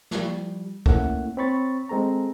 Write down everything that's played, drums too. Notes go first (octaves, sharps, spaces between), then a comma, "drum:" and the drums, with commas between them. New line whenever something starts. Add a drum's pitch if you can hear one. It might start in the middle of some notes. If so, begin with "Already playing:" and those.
F3 G3, drum: snare
A3 A#3 C#4 E4 F#5, drum: kick
C4 C#5 B5 C#6 A6
G#3 C4 A4 A#5